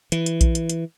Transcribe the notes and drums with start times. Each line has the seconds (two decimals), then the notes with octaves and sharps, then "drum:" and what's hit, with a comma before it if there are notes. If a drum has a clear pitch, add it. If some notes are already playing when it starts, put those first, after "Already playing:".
0.12 E3, drum: hi-hat
0.26 drum: hi-hat
0.41 drum: kick A#1, hi-hat
0.55 drum: hi-hat
0.70 drum: hi-hat